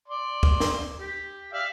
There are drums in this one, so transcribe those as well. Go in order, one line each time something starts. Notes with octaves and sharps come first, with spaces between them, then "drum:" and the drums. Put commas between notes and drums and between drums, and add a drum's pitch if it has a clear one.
D5 C6
drum: kick
drum: snare
G4
D5 E5 F5